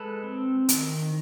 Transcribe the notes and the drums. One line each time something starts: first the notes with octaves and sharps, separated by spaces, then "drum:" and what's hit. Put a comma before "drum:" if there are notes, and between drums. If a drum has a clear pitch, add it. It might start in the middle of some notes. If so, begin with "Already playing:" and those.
Already playing: G#3 A4 B4
C4
D#3, drum: hi-hat